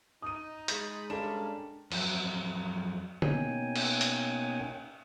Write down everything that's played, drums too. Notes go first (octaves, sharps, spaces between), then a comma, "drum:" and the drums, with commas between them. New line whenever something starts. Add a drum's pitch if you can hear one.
D#4 D#6 D#7
G#3 B5 G6 A6, drum: hi-hat
G2 C#4 D4 A4 A#4 E7
F2 F#3, drum: cymbal
B2 A#3 C#4 D#4 G5 G#5, drum: tom
drum: cymbal
drum: hi-hat